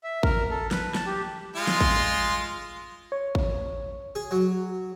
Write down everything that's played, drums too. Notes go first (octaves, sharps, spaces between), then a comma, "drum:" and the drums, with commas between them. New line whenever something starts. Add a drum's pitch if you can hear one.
E5
A#4, drum: kick A1
A4
B4, drum: snare
A5, drum: snare
G4
G#3 F4 C6
drum: snare
drum: kick A1
C#5
drum: kick A1
G#4
F#3